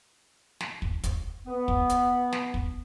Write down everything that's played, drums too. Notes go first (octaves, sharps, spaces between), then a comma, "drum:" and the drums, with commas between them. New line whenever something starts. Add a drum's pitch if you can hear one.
drum: snare
drum: kick
drum: kick, hi-hat
B3
drum: kick
drum: hi-hat
drum: snare
drum: kick